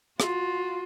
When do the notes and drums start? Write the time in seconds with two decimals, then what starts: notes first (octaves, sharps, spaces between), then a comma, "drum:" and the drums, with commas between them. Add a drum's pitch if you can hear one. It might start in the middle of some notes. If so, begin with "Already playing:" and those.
0.20 F4 F#4, drum: rim click